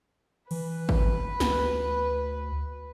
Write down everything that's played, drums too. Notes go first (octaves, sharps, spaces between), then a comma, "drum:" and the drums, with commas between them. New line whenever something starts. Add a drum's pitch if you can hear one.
E3 B4, drum: cymbal
drum: kick
D2, drum: snare